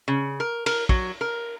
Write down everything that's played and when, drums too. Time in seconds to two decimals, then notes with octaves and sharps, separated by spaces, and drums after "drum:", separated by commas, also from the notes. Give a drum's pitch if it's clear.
0.08 C#3
0.40 A#4
0.66 A#4, drum: cymbal
0.89 F#3, drum: kick
1.21 A#4